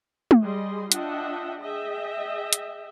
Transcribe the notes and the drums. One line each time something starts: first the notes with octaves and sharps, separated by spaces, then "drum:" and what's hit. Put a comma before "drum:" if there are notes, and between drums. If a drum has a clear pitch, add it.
drum: tom G#3
G3 G#4 D#5 C6
D4 F4 D#5 E5 F#5 G5, drum: hi-hat
G#4 D#5 E5 G5
drum: hi-hat